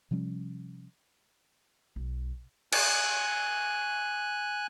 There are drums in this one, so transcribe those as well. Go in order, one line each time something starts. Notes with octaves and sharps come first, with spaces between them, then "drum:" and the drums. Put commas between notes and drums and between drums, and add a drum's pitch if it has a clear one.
C3 F3 G3 C#4
B1
G#5 F#6, drum: cymbal